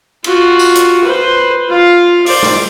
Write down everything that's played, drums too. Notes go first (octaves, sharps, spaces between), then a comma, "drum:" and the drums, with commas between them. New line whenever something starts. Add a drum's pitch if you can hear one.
F4 F#4, drum: cymbal
drum: tambourine
drum: hi-hat
B4 C5
F4 F5
C5 D5, drum: open hi-hat
drum: snare